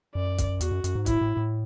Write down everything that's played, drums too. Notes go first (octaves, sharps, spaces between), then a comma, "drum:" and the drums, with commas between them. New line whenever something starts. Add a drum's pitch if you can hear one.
F#2 D5
drum: kick, hi-hat
E2 F#4, drum: hi-hat
F#2
F#2, drum: hi-hat
G#2
A2 E4, drum: kick, hi-hat
A2
A2